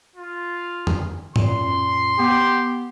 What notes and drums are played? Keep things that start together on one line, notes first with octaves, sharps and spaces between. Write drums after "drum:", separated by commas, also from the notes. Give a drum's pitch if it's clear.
F4
drum: tom F2
F#2 A#2 C6, drum: tom G#2
B3 G4